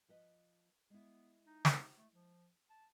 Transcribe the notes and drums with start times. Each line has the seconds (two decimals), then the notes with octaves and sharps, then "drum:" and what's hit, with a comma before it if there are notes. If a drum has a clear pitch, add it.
0.08 F3 B4 D#5
0.90 G#3 B3 E4
1.47 D#4
1.65 drum: snare
1.98 A3
2.13 F3
2.70 A5